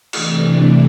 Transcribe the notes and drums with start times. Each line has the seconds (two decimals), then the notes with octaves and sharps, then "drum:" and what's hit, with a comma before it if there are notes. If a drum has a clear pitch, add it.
0.13 C3 E3 A3 D4, drum: cymbal